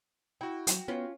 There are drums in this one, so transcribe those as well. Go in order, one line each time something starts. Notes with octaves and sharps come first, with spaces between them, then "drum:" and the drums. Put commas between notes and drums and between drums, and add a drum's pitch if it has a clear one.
E4 F#4 G5
F#3, drum: hi-hat
B3 C#4 F4